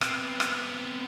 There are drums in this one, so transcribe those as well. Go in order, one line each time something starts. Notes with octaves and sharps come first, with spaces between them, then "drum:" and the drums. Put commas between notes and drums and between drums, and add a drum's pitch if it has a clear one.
B3 C4, drum: rim click
drum: rim click